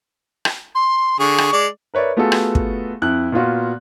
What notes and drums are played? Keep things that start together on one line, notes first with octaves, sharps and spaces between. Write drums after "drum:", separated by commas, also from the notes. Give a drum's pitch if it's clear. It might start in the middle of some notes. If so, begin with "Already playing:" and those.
drum: rim click
C6
D3 G#4 C#6
drum: rim click
G#3 D5
A#4 B4 C#5 D5 E5
A3 B3 F4 F#4 G#4 A4
drum: rim click
drum: kick
F2 E4 F#6
A#2 B3 F4 F#4